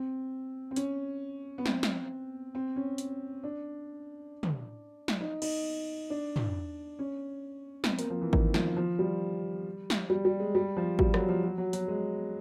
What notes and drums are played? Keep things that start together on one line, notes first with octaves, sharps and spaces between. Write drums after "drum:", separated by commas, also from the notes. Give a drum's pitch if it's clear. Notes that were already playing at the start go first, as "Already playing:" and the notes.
Already playing: C4
C4
C#4, drum: hi-hat
B3
C4, drum: snare
drum: snare
C4
C#4
drum: hi-hat
D4
drum: tom
drum: snare
D#4
D#4, drum: cymbal
D4
drum: tom
C#4
B3, drum: snare
C4
A#3, drum: hi-hat
F3
E3
D#3, drum: kick G#1
F3, drum: snare
F3
G3
drum: snare
G3
G3
G#3
G3
F3
G3, drum: kick G#1
F#3, drum: rim click
F3
F#3
F#3
F#3, drum: hi-hat
G#3